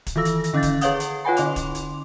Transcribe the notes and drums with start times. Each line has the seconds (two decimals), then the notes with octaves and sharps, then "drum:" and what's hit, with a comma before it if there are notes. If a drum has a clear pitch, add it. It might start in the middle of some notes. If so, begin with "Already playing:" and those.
0.07 drum: kick, hi-hat
0.16 D#3 E3 A4 E6 A#6
0.25 drum: hi-hat
0.44 drum: hi-hat
0.53 D3 C#4 F5 G6 A6
0.63 drum: kick, hi-hat
0.81 G#4 B4 C#5 F5 F#5 D#6, drum: hi-hat
1.00 drum: hi-hat
1.25 F4 B4 C#5 F#5 G#5 B5
1.37 D3 C#4 C6 D6 F7, drum: hi-hat
1.56 drum: kick, hi-hat
1.75 drum: hi-hat